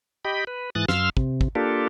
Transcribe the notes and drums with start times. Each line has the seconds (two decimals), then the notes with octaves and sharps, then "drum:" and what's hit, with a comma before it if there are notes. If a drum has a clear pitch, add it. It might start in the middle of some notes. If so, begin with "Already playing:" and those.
0.25 G4 D#5 G5 B5
0.47 B4
0.75 G#2 E3 D#6 F#6 A6
0.89 F#2 F5 C6 E6 F6, drum: snare
1.17 C3, drum: kick
1.41 drum: kick
1.55 A#3 D4 F4 G4 A4